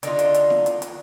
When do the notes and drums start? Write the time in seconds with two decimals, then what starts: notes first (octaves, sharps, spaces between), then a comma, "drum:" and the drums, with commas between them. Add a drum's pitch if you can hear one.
0.03 D3 D#4 F4, drum: hi-hat
0.19 drum: hi-hat
0.34 drum: hi-hat
0.50 drum: snare E4
0.66 drum: hi-hat
0.82 drum: hi-hat